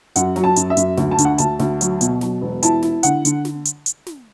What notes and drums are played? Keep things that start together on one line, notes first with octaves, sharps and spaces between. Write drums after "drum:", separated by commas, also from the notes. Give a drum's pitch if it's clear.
F#2 F#5, drum: hi-hat
F#3, drum: snare
A5
F#2, drum: hi-hat
E5
F#2, drum: hi-hat
D2, drum: snare
A5
D3, drum: hi-hat
F#5
D2 A5, drum: hi-hat
D2, drum: snare
F#3, drum: hi-hat
B2, drum: hi-hat
F#3, drum: snare
E1
E4 A5, drum: hi-hat
E4, drum: snare
D3 F#5, drum: hi-hat
D3, drum: hi-hat
drum: snare
drum: hi-hat
drum: hi-hat
drum: snare